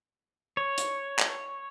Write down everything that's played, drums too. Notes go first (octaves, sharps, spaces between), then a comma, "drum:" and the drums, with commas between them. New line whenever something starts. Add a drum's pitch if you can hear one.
C#5
drum: hi-hat
drum: clap